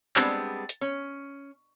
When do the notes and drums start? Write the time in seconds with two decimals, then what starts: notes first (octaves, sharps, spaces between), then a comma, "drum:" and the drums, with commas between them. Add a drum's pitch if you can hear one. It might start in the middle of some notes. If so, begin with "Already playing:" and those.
0.16 G3 G#3 B3 C4 D4, drum: clap
0.69 drum: hi-hat
0.81 C#4